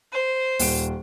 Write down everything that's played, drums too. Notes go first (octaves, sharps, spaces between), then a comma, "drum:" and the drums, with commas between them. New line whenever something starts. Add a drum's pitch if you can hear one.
C5
D#1 D7, drum: open hi-hat